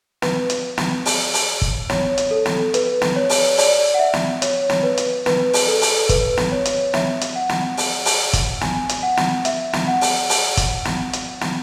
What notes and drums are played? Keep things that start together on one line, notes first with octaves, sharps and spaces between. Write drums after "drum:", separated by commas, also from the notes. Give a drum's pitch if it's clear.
B4, drum: snare
drum: hi-hat
drum: snare
drum: open hi-hat
drum: open hi-hat
drum: kick
C#5, drum: snare
drum: hi-hat
A4
drum: snare
B4, drum: hi-hat
drum: snare
C#5
drum: open hi-hat
D5, drum: open hi-hat
F#5
E5
drum: snare
C#5, drum: hi-hat
drum: snare
B4
drum: hi-hat
B4, drum: snare
drum: open hi-hat
A4
drum: open hi-hat
B4, drum: kick, hi-hat
drum: snare
C#5
drum: hi-hat
E5, drum: snare
drum: hi-hat
F#5
drum: snare
drum: open hi-hat
drum: open hi-hat
drum: kick, hi-hat
G#5, drum: snare
drum: hi-hat
F#5
drum: snare
E5, drum: hi-hat
drum: snare
F#5
drum: open hi-hat
drum: open hi-hat
drum: kick, hi-hat
drum: snare
drum: hi-hat
drum: snare